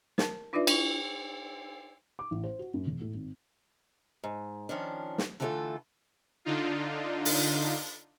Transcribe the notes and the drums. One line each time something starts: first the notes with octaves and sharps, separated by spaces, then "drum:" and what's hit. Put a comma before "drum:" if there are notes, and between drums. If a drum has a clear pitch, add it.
A#4 A5, drum: snare
D4 D#4 F4 B4 D5 E5
D4 E4, drum: cymbal
D6
A1
C5
F#4
F#2
E1
A2
G#1
G#2
D#3 F3 C#4 D4
drum: snare
D3 E3 A3 C4 F4 A4
D3 D4 D#4 F4
drum: open hi-hat